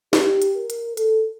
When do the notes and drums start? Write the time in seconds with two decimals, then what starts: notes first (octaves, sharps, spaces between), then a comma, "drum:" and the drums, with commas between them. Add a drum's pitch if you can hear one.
0.13 G4, drum: snare
0.42 drum: hi-hat
0.56 A#4
0.70 drum: hi-hat
0.97 A4, drum: hi-hat